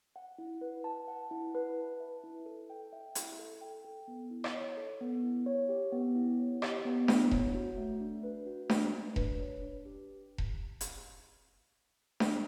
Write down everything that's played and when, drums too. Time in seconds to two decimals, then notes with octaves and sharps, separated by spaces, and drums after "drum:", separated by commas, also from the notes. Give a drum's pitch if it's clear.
0.16 F#5
0.38 E4
0.61 B4
0.84 A5
1.08 F#5
1.31 E4
1.55 B4
1.77 A5
2.00 E5
2.23 E4
2.46 A4
2.70 G5
2.93 E5
3.15 E4, drum: hi-hat
3.39 A4
3.61 G5
3.85 A4
4.08 B3
4.31 E4
4.44 drum: rim click
4.54 C#5
4.77 A4
5.01 B3
5.23 E4
5.46 C#5
5.69 G4
5.92 B3
6.16 E4
6.39 C#5
6.62 G4, drum: rim click
6.85 B3
7.08 E4, drum: snare D4
7.31 C#5, drum: kick E1
7.54 F#4
7.77 A3
8.00 D4
8.23 B4
8.46 F#4
8.69 A3, drum: snare D4
8.93 D4
9.16 B4, drum: kick E1
9.39 C#5
9.61 D4
9.85 G4
10.38 drum: kick E1
10.81 drum: hi-hat
12.20 drum: snare D4